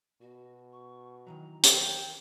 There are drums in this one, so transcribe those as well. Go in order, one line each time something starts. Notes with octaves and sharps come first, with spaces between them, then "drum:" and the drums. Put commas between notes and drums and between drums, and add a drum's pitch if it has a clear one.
B2 F#4
C#6
D#3 E3 F#3 A#5
A#4 G5, drum: hi-hat